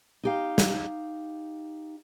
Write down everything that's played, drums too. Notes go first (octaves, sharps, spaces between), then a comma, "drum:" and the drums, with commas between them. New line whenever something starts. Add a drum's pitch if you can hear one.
D#4 G4 F5
drum: snare